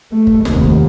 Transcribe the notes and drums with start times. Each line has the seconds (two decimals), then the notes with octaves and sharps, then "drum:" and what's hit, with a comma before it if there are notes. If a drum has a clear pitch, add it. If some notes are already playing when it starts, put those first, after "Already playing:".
0.12 A3
0.27 drum: kick
0.45 F1 D#2, drum: snare
0.64 drum: kick